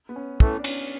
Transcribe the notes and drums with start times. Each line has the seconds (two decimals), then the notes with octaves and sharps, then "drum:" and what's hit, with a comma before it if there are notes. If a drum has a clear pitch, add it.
0.09 B3
0.16 C#4
0.40 A2 E3 A3 C#4, drum: kick
0.59 D4
0.64 C#4, drum: cymbal